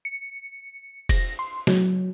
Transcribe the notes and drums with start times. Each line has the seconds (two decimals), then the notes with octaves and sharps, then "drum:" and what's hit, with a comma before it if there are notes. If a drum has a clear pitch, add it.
0.05 C#7
1.09 A#6, drum: kick F1, cymbal
1.39 C6
1.67 F#3, drum: snare